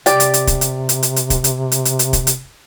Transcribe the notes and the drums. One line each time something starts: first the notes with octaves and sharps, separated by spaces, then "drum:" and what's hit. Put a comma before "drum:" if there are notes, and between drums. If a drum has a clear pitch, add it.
C3 G4 D5, drum: hi-hat
drum: hi-hat
drum: hi-hat
drum: kick, hi-hat
drum: hi-hat
drum: hi-hat
drum: hi-hat
drum: hi-hat
drum: kick, hi-hat
drum: hi-hat
drum: hi-hat
drum: hi-hat
drum: hi-hat
drum: kick, hi-hat
drum: hi-hat